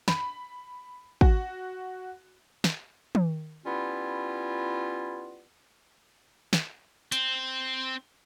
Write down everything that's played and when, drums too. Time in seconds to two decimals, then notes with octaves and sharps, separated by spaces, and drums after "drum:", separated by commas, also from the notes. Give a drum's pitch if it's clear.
0.08 B5, drum: snare
1.21 F#4, drum: kick
2.64 drum: snare
3.15 drum: tom
3.66 G3 B3 C#4 E4 F4
6.53 drum: snare
7.12 C4, drum: hi-hat